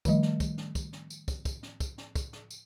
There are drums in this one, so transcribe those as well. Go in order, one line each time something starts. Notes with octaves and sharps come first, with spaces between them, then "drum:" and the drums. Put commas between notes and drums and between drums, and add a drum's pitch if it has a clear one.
D#3 F3 G3 A3 D#5, drum: kick, tambourine
drum: snare
drum: kick, tambourine
drum: snare
drum: kick, tambourine
drum: snare
drum: tambourine
drum: kick, tambourine
drum: kick, tambourine
drum: snare
drum: kick, tambourine
drum: snare
drum: kick, tambourine
drum: snare
drum: tambourine